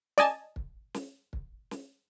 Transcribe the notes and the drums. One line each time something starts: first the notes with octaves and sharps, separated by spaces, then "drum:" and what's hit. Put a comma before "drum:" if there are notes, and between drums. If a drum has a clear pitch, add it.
D5 D#5 G#5 A5, drum: snare
drum: kick
drum: snare
drum: kick
drum: snare